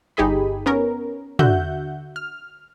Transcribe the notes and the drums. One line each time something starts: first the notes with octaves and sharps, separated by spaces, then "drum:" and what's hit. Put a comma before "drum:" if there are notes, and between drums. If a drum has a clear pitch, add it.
G1 D#4 G4 G#4 D#5 B5
B3 C#4 A#4
D3 F#4 E5 F#5 G6, drum: tom
F6